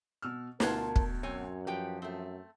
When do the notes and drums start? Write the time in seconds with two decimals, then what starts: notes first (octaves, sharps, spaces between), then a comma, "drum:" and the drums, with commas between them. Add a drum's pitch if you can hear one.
0.22 B2 E6 F6
0.60 D2 B2 D4 F4 A#4 A5 G#6, drum: snare
0.96 drum: kick
1.23 F#2 C4 C#5 G#5
1.67 F3 G4 B4 G5
2.02 F#2 A3 C4